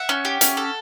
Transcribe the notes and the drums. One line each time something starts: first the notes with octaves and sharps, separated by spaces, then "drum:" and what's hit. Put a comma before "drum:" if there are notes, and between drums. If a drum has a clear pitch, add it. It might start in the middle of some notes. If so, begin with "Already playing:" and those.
Already playing: E5 F#5
C#4
G4
C#4, drum: hi-hat
A4